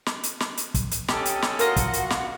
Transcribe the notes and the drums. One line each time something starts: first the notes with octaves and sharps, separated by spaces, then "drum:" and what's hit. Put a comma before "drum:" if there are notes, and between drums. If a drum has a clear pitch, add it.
drum: snare
drum: hi-hat
drum: snare
drum: hi-hat
drum: kick, hi-hat
drum: hi-hat
C#4 D#4 G4 A4, drum: snare
drum: hi-hat
drum: snare
F4 F#4 A#4 D#5 F#5, drum: hi-hat
drum: kick, hi-hat
drum: hi-hat
drum: snare